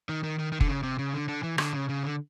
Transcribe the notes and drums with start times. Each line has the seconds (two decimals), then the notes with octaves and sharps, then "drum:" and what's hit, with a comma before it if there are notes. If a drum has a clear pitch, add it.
0.09 D#3
0.24 D#3
0.39 D#3
0.52 D#3
0.60 D3, drum: kick
0.68 C#3
0.83 C3
0.99 C#3
1.14 D3
1.29 D3
1.43 E3
1.58 D3, drum: rim click
1.73 C#3
1.89 C#3
2.03 D3